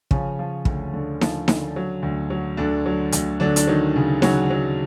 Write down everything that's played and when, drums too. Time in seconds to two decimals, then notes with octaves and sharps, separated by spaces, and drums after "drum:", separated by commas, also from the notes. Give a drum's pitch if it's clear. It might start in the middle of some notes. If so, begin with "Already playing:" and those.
0.11 C#3 F3 C#4, drum: kick
0.39 F3
0.65 D2, drum: kick
0.94 D3
1.21 F3, drum: snare D#4
1.48 D3, drum: snare D#4
1.76 F#3
2.03 D2
2.30 F#3
2.57 D2 D3 D4
2.86 F#3
3.12 D2, drum: hi-hat
3.40 D3 F#3 D4
3.56 D4, drum: hi-hat
3.67 D#3 F#3 D#4
3.96 C#3
4.22 C#3 F#3 F#4, drum: snare D#4
4.50 F#3